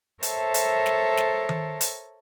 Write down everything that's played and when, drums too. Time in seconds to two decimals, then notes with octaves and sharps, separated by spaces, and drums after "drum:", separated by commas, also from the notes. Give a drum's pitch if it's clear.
0.23 A4 A#4 C5 C#5 E5 A5, drum: hi-hat
0.54 drum: hi-hat
0.86 drum: snare
1.17 drum: snare
1.49 drum: tom D#3
1.81 drum: hi-hat